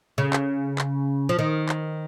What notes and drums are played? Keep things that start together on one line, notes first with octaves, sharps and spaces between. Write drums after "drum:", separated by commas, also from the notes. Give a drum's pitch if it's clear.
C#3
drum: clap
drum: clap
F3
D#3
drum: clap